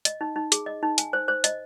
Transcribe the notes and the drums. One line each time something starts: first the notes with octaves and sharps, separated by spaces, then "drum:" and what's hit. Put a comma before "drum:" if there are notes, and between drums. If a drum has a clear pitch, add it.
D#5, drum: hi-hat
D#4
D#4
G#4, drum: hi-hat
D#5
D#4
G#5, drum: hi-hat
C5
C5
D#5, drum: hi-hat